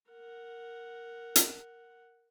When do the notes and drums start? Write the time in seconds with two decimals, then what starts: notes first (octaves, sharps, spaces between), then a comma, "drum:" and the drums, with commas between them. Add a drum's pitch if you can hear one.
0.10 A#4 F#5
1.36 drum: hi-hat